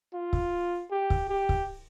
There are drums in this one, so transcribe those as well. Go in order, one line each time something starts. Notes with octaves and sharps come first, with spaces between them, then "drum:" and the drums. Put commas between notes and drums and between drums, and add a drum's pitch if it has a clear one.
F4
drum: kick
G4
drum: kick
G4
drum: kick